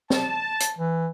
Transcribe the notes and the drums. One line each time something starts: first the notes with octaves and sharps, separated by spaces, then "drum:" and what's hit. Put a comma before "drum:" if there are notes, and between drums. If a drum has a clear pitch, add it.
A5, drum: snare C4
drum: hi-hat
E3